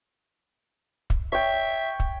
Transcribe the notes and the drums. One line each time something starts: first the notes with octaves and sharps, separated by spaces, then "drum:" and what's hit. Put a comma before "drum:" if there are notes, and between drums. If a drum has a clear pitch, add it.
drum: kick
C#5 E5 G5
drum: kick